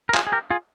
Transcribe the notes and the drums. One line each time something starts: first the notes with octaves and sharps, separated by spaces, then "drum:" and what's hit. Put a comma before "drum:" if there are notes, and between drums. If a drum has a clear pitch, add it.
A#4
F4 G#4, drum: clap
G#4
G4 A#4
F4 G#4